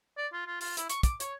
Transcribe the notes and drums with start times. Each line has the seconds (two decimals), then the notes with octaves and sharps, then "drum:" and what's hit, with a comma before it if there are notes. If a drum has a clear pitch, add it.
0.17 D5
0.33 F4
0.46 F4
0.61 F4, drum: open hi-hat
0.77 E4, drum: hi-hat
0.90 C#6, drum: hi-hat
1.03 D6, drum: kick, hi-hat
1.20 C#5, drum: hi-hat